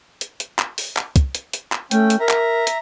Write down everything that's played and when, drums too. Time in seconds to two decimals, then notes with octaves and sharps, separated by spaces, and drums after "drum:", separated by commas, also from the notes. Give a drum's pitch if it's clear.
0.21 drum: hi-hat
0.40 drum: hi-hat
0.59 drum: clap
0.78 drum: open hi-hat
0.97 drum: clap
1.16 drum: kick, hi-hat
1.35 drum: hi-hat
1.53 drum: hi-hat
1.72 drum: clap
1.91 A3 C#4 G5, drum: hi-hat
2.10 drum: hi-hat
2.20 A#4 E5 A#5
2.29 drum: clap
2.67 drum: hi-hat